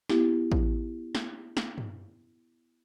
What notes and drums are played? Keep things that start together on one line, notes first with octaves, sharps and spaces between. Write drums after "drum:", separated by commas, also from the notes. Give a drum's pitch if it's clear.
B3 E4 G4, drum: snare
drum: kick A1
drum: snare
drum: snare
drum: tom